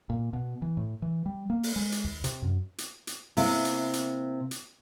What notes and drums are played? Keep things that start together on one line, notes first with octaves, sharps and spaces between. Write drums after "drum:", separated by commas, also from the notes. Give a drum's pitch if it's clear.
A#2
B2
E3
A2
E3
G3
A#3
drum: open hi-hat
G#3
drum: hi-hat
D#2
C3, drum: hi-hat
F#2
drum: hi-hat
drum: hi-hat
C3 A#3 E4, drum: open hi-hat
drum: hi-hat
drum: hi-hat
drum: hi-hat